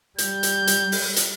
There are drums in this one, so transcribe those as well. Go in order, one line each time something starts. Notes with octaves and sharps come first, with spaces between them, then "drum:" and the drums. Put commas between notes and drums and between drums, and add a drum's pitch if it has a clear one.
G3 G6, drum: hi-hat
drum: hi-hat
drum: hi-hat
drum: open hi-hat
drum: hi-hat